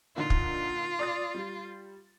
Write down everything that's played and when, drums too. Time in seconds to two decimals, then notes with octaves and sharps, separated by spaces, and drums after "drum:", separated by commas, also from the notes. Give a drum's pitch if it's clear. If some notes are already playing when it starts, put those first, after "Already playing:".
0.16 A#2 D3 D#4 F4
0.30 drum: kick
0.99 D5 D#6 A6
1.35 G3